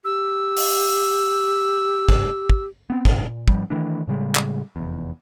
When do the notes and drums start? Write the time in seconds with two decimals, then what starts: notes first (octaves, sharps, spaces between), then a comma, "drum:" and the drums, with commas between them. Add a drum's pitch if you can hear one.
0.05 G4 E6
0.57 drum: open hi-hat
2.09 drum: kick
2.50 drum: kick
2.90 B3 C4
3.05 A#2, drum: kick
3.48 G#2 F3 G3, drum: kick
3.70 D#3 E3 A3 D4
4.08 A2 C#3 G3 G#3
4.35 drum: clap
4.76 F1 E2